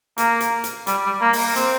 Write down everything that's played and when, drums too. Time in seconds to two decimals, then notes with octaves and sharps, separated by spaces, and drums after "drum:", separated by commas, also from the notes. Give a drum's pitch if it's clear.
0.18 A#3, drum: hi-hat
0.41 drum: hi-hat
0.64 drum: hi-hat
0.87 G3, drum: hi-hat
1.06 G3
1.21 A#3
1.33 drum: open hi-hat
1.46 A#3
1.56 C4, drum: hi-hat